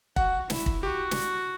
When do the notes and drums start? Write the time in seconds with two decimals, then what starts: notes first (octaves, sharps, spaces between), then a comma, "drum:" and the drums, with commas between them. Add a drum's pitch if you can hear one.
0.16 F#4 F#5, drum: kick
0.50 E4, drum: snare
0.66 drum: kick
0.83 F#4 G4
1.11 drum: snare